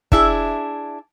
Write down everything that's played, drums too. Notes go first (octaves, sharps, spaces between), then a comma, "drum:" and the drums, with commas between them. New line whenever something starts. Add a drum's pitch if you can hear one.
D4 E4 G#4, drum: kick